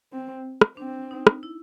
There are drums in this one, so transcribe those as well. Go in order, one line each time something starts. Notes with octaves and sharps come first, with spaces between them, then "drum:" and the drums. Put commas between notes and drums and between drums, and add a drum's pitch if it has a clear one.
C4
drum: rim click
C4 D4
D#4
drum: rim click
E4